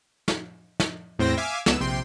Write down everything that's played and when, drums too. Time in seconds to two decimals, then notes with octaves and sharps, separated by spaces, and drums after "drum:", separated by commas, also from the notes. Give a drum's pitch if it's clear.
0.28 drum: snare
0.80 drum: snare
1.19 E2 A2 C4 C5 G5 A#6
1.37 E5 F5 G#5 D6
1.66 C#2 B3 E6 E7, drum: snare
1.80 A#1 C3 G5 C6